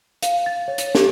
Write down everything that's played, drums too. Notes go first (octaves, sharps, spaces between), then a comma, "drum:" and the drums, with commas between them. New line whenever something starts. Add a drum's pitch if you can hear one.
F5, drum: hi-hat
A6
C#5
drum: hi-hat
G4, drum: snare